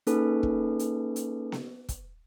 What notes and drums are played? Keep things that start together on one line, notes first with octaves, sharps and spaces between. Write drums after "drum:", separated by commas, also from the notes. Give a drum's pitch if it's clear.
A#3 C#4 D#4 G#4 A4 B4, drum: hi-hat
drum: kick
drum: hi-hat
drum: hi-hat
drum: snare B3
drum: kick, hi-hat